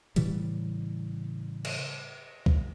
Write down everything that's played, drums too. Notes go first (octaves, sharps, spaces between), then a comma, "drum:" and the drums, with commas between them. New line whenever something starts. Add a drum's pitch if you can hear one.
A2 C#3 E3 G3, drum: hi-hat
drum: cymbal
drum: kick B1